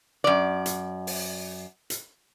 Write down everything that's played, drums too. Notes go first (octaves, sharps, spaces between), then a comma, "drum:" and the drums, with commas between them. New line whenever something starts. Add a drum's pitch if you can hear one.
F#2 D5
drum: hi-hat
drum: open hi-hat
drum: hi-hat